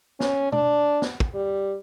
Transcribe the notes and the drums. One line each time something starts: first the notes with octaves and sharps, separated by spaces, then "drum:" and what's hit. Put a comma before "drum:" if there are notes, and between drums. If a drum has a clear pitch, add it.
C#4, drum: snare
D4, drum: tom
drum: snare
drum: kick
G3